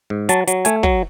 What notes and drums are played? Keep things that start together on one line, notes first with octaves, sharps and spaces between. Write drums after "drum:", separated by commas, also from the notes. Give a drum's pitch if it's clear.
G#2
F#3 A5, drum: hi-hat
F#3, drum: hi-hat
A3 G#5, drum: hi-hat
F#3, drum: kick